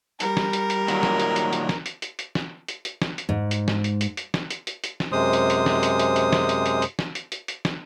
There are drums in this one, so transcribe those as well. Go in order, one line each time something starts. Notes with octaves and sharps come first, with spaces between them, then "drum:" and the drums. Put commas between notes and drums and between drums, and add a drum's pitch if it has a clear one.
G3 A#4, drum: hi-hat
drum: snare
drum: hi-hat
drum: hi-hat
A#2 D#3 F#3, drum: hi-hat
drum: snare
drum: hi-hat
drum: hi-hat
drum: hi-hat
drum: snare
drum: hi-hat
drum: hi-hat
drum: hi-hat
drum: snare
drum: hi-hat
drum: hi-hat
drum: snare
drum: hi-hat
G#2
drum: hi-hat
drum: snare
drum: hi-hat
drum: hi-hat
drum: hi-hat
drum: snare
drum: hi-hat
drum: hi-hat
drum: hi-hat
drum: snare
F#2 C3 G#3 C5 D#6
drum: hi-hat
drum: hi-hat
drum: snare
drum: hi-hat
drum: hi-hat
drum: hi-hat
drum: snare
drum: hi-hat
drum: hi-hat
drum: hi-hat
drum: snare
drum: hi-hat
drum: hi-hat
drum: hi-hat
drum: snare